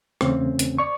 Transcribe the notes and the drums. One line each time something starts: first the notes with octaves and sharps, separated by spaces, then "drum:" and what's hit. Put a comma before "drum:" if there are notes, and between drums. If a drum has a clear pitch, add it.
E2 C#3 A3 C4 C#4, drum: rim click
drum: hi-hat
D5 C#6